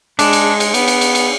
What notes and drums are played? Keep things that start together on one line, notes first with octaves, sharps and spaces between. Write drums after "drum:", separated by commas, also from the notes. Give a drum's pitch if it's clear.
G#3 D4, drum: cymbal
drum: cymbal
drum: cymbal
B3, drum: cymbal
drum: cymbal
drum: cymbal
drum: cymbal